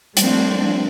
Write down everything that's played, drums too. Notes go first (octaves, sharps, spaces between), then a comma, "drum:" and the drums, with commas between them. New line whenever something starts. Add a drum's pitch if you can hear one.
F3 G3 A3 A#3 C4 D4, drum: hi-hat